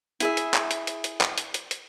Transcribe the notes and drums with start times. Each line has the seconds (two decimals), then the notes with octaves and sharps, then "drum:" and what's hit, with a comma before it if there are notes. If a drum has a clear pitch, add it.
0.20 E4 G#4 E5, drum: hi-hat
0.37 drum: hi-hat
0.54 drum: clap
0.71 drum: hi-hat
0.87 drum: hi-hat
1.04 drum: hi-hat
1.21 drum: clap
1.38 drum: hi-hat
1.54 drum: hi-hat
1.71 drum: hi-hat